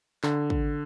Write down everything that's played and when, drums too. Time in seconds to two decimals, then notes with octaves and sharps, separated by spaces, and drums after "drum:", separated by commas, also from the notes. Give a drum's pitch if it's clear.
0.23 D3, drum: clap
0.50 drum: kick